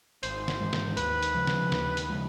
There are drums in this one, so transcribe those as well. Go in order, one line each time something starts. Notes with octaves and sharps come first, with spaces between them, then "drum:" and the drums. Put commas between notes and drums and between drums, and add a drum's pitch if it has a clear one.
G#1 C5, drum: hi-hat
drum: snare
G#2 E3 G#3
drum: snare
D#2 B4, drum: hi-hat
drum: hi-hat
C#3 F3 G#3
drum: snare
D#2, drum: snare
drum: hi-hat
C#3 F3 G#3